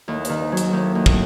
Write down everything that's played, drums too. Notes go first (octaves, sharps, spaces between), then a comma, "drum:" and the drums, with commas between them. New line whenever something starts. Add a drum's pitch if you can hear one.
D#2 A2
G2 D#3, drum: hi-hat
G#2
F#3
G#2, drum: hi-hat
D#2 A2
D#2
drum: kick